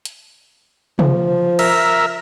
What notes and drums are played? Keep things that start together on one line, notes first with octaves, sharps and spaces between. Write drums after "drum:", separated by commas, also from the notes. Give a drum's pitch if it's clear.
drum: hi-hat
F3, drum: tom
A#4 E5, drum: cymbal